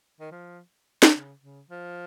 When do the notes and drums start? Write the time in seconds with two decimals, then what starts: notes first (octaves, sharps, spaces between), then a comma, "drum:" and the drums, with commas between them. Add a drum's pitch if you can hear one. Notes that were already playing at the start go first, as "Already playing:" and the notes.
0.20 D#3
0.32 F3
1.03 drum: snare
1.14 C#3
1.42 C#3
1.69 F3